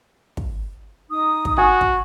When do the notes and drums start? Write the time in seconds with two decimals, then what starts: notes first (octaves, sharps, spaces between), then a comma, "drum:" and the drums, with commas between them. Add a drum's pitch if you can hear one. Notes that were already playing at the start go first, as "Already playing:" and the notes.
0.37 drum: kick
1.09 D#4 D#6
1.45 drum: kick
1.58 F#4 G#5
1.81 drum: kick